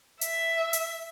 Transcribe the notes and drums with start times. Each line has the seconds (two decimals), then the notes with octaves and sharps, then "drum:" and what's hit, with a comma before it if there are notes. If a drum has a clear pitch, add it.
0.21 E5, drum: hi-hat
0.73 drum: hi-hat